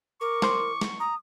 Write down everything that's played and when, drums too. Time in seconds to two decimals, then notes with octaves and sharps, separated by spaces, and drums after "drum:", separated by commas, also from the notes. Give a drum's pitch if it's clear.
0.21 A#4 C#6 D6
0.42 E3 C5, drum: snare
0.81 drum: snare
1.00 A#5 D#6